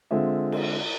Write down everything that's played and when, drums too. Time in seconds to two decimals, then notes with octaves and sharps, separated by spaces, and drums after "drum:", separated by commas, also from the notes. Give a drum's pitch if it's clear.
0.11 D3 G#3 C4 F4 E5
0.52 drum: cymbal